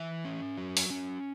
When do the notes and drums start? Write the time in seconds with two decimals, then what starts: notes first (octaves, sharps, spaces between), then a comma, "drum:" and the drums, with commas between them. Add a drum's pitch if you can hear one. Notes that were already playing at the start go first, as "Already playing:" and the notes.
Already playing: E3 E5
0.25 C#4
0.58 F#3
0.77 drum: open hi-hat
0.90 C#4